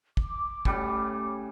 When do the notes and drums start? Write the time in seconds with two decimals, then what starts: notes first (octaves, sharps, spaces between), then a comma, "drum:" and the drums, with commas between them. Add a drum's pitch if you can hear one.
0.17 D6, drum: kick
0.65 A2 C#3 G3, drum: kick